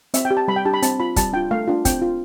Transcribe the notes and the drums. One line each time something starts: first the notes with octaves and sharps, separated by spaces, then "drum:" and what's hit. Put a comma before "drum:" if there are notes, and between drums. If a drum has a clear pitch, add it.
C4 E5, drum: hi-hat
G5
G4
A5
G3 B5
G5
D4 G4 A5
B5
C4 A5, drum: hi-hat
F4 B5
G3 A5, drum: kick, hi-hat
D4 F4 G5
A3 F5
D4 F4
C4 G5, drum: kick, hi-hat
F4